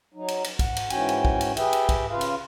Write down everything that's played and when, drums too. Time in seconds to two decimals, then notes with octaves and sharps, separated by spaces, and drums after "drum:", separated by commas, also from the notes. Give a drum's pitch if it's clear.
0.14 F#3 D#4
0.28 drum: cymbal
0.44 drum: cymbal
0.59 F#5, drum: kick, cymbal
0.77 drum: cymbal
0.90 G#2 E3 C#4 F#4 G5 G#5, drum: cymbal
1.09 drum: cymbal
1.25 drum: kick
1.41 drum: cymbal
1.57 G4 G#4 B4 E5 G5, drum: cymbal
1.73 drum: cymbal
1.89 drum: kick, cymbal
2.10 C#3 F4 B4 F5
2.21 drum: cymbal